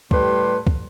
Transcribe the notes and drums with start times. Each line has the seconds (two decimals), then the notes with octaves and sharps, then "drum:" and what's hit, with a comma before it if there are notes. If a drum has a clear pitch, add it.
0.11 A2 G3 G4 B4 C6, drum: kick
0.67 drum: kick